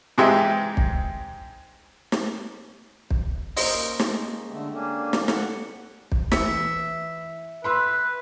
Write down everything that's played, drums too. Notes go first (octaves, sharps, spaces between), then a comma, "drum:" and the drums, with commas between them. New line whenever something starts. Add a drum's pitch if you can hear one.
G#2 E3 G#3 C4 G4 E5
drum: kick
drum: snare
drum: kick
A#3 C#4 D#4 C5, drum: open hi-hat
G#3, drum: snare
D3 A3 G4
D3 A#3 C#4 D4
drum: snare
F#5, drum: snare
drum: kick
E3 E5 C#7, drum: snare
B4 B5 C6 E6